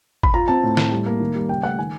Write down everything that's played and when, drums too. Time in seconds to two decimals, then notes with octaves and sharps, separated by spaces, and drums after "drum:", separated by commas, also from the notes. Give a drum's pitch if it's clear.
0.23 B5, drum: kick G#1
0.34 F4 A#5
0.48 C4 A5
0.63 A2
0.77 A2, drum: snare
0.91 G3
1.06 A#3
1.21 D#3
1.35 G3
1.49 C#3 G5
1.63 A3 F#5
1.78 D#3 G#5